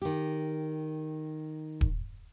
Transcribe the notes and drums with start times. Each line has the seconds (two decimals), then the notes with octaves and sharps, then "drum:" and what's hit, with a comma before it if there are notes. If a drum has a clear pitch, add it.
0.02 D#3 G4
1.81 drum: kick D#1